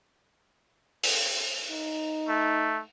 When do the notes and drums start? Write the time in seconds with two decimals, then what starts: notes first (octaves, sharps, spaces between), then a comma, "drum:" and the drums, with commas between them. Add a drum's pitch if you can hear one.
1.03 drum: open hi-hat
1.71 D#4
2.28 A3